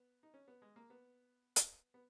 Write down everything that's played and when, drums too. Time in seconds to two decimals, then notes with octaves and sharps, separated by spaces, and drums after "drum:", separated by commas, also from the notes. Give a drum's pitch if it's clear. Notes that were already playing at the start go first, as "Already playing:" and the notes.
Already playing: B3
0.23 D#4
0.34 C#4
0.48 B3
0.62 G#3
0.76 A#3
0.90 B3
1.56 drum: hi-hat
1.94 B3